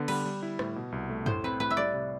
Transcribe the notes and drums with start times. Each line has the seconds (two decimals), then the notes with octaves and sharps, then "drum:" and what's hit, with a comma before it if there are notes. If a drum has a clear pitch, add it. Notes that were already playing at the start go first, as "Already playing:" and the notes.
Already playing: D3 B3
0.08 G3 B4, drum: cymbal
0.25 G3
0.43 E4
0.59 A2, drum: rim click
0.76 B2
0.92 C2
1.10 A3
1.26 A2 C5, drum: tom
1.44 C4 B4
1.60 A2 B4
1.71 E5
1.77 G3 D5
1.94 C3